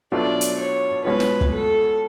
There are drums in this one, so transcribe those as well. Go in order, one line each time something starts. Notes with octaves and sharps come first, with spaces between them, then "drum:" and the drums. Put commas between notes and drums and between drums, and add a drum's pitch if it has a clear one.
B2 F#3 A3 D4 F4 D5
drum: hi-hat
C#5
B2 G#3 C#4 F4 B4
drum: snare
drum: kick
A4